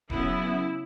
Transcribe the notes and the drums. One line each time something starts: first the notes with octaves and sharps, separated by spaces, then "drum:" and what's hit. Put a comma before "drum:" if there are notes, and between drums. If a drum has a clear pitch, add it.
C#3 F#3 B3 E4, drum: kick D#1